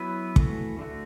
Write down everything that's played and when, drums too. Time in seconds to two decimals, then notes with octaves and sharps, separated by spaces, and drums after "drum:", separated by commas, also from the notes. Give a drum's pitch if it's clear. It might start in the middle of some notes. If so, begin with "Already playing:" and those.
Already playing: F#3 B3 E4 B4
0.36 E3 A3 F#4, drum: kick
0.79 D3 A3 F#4